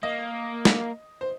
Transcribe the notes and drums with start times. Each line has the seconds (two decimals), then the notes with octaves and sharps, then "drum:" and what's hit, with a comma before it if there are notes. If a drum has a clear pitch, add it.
0.03 A#3 D#5
0.65 drum: snare
1.21 C5